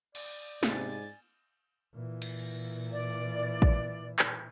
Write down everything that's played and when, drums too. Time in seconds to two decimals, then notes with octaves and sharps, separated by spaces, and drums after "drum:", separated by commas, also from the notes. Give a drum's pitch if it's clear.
0.15 D5, drum: cymbal
0.63 G#2 C3 G#5 A6, drum: snare
1.94 A#2 E3
2.22 drum: cymbal
2.92 D5
3.62 drum: kick
4.19 drum: clap